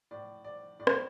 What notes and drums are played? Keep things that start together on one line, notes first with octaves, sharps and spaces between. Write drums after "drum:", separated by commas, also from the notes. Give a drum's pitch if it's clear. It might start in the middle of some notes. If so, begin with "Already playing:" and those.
A2 D5
D5
A2 D5
C5, drum: rim click